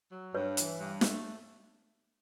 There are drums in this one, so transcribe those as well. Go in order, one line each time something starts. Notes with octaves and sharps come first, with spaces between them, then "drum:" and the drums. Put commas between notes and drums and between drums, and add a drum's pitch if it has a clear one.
F#3
G2 B4 C#5
E3, drum: hi-hat
G2
A3, drum: snare